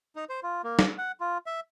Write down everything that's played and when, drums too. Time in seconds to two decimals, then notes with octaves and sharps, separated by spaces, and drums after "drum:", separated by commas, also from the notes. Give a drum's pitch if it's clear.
0.16 D#4
0.29 C5
0.43 F4
0.64 A#3
0.79 drum: snare
0.98 F#5
1.20 F4
1.46 E5